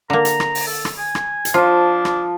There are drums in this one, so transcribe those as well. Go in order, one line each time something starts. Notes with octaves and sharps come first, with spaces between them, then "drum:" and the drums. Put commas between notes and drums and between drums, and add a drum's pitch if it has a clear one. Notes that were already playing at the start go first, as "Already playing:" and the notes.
D3 A#3 A#5
drum: hi-hat
drum: rim click
drum: open hi-hat
A4
drum: rim click
G#5
drum: rim click
drum: hi-hat
F3 D4 F4
drum: rim click